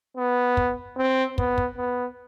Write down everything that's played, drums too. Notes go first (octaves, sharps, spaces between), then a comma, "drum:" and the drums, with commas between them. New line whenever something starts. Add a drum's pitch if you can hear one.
B3
drum: kick
C4
B3, drum: kick
drum: kick
B3